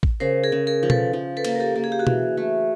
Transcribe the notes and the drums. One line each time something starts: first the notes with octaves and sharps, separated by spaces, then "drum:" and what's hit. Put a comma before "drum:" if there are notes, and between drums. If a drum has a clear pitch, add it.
drum: kick
C#3 A#4 C5
G#4 A#4
C#3
G#4 A#4
F3
A4 B4, drum: tom B2
F3
A4 B4
A#3, drum: cymbal
A#4
G4 A4
A#3
G#4
G4
F#4 G#4
E3, drum: tom B2
A3